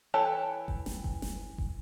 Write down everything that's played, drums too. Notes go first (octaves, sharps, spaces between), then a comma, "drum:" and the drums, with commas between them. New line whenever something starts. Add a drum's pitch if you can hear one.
E3 A4 C#5 G5
drum: kick F#1
drum: snare
drum: kick F#1
drum: snare
drum: kick F#1